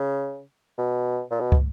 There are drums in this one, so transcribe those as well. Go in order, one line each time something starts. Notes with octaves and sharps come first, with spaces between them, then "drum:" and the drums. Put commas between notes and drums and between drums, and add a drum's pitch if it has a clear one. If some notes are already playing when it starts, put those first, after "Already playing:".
Already playing: C#3
B2
A#2
B2
drum: kick